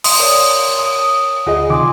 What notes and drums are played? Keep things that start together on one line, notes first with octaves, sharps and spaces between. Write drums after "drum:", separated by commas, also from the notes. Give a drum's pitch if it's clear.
C6 D#6, drum: open hi-hat
A#4 C#5 D5
D#6
D2 F4 G#4 D#5 F#5
C3 D#3 G#5 C6 D6 D#6